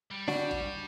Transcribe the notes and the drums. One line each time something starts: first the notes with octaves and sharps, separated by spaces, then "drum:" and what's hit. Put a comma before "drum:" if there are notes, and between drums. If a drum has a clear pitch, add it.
G3
D4 F#4, drum: snare
drum: kick